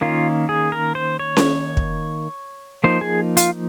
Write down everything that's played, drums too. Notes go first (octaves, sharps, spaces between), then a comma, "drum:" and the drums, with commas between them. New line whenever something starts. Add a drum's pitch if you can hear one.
D#3 A#3 C#4 F4
G#4
A#4
C5
C#5
drum: snare C#4
drum: kick
F3 A#3 D#4 C5
G#4
F4, drum: hi-hat